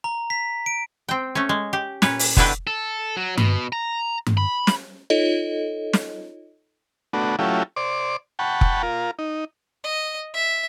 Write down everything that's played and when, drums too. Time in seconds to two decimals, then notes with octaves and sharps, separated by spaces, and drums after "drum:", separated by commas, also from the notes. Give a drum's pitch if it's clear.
0.04 A#5
0.30 B6
0.66 D7
1.08 C4 G5
1.35 A3 C#4
1.49 G#3
1.73 G4
2.02 A#2 C#4 B4 C#5, drum: snare
2.19 drum: open hi-hat
2.37 B2 D3 D4 E4 B4 G5, drum: kick F1
2.67 A4
3.17 F#3
3.37 B2, drum: tom G2
3.72 A#5
4.26 drum: tom G2
4.37 B5
4.67 drum: snare
5.10 D#4 F4 A4 C#5 D#5
5.93 drum: snare
7.13 A3 B3 D4 F#4
7.39 F#3 A3 C#4 E4 F4 G4
7.76 C5 D5 D6
8.39 F#5 G5 A5 B5 C#6
8.61 drum: kick F1
8.83 F4 A#4
9.19 D#4
9.84 D#5
10.34 E5